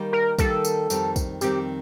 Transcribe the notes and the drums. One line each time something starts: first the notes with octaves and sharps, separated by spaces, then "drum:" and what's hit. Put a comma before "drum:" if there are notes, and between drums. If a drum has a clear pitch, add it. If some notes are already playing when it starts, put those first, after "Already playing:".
Already playing: D#3 G3 A#3
A#4
D#3 G3 A#3 A4, drum: kick, tambourine
drum: tambourine
F2 D#3 G3 C4, drum: tambourine
drum: kick, tambourine
F2 D#3 G3 C4 G4, drum: tambourine